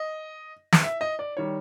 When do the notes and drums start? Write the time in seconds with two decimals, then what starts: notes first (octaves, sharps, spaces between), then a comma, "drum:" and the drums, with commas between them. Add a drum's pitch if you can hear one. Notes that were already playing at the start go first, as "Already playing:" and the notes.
Already playing: D#5
0.72 drum: snare
0.83 E5
1.01 D#5
1.19 D5
1.37 D#3 G3 C#5